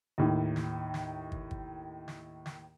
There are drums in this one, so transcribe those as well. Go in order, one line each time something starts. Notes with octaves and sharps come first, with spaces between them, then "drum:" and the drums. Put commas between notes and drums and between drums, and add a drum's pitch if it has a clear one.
D#2 A2 D#3
drum: snare
drum: snare
drum: kick
drum: kick
drum: snare
drum: snare